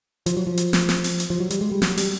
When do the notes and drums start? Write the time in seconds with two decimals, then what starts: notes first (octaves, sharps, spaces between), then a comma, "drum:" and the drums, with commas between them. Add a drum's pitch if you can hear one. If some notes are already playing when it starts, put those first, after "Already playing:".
0.26 F3, drum: hi-hat
0.37 F#3
0.47 F3
0.57 drum: hi-hat
0.73 drum: snare
0.89 drum: snare
1.04 drum: open hi-hat
1.20 drum: hi-hat
1.30 F3
1.40 F#3
1.50 G3, drum: hi-hat
1.61 G#3
1.72 G3
1.82 F#3, drum: snare
1.97 G3, drum: open hi-hat